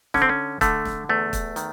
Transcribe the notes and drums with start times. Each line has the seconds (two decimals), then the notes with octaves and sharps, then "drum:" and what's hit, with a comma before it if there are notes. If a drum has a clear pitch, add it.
0.14 D3 C#4, drum: snare
0.22 C4
0.29 C#4
0.61 D3 A3, drum: kick, hi-hat
0.85 drum: snare
1.09 E2 A3
1.33 drum: kick, hi-hat
1.56 D#3, drum: hi-hat